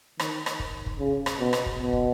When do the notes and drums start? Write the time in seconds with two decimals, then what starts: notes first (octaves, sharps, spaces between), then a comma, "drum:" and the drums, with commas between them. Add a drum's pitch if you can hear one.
0.20 D#3, drum: rim click
0.46 drum: rim click
0.59 drum: kick
0.86 drum: kick
0.99 C#3
1.26 drum: rim click
1.40 B2
1.53 drum: rim click
1.66 drum: kick
1.79 B2
1.93 drum: kick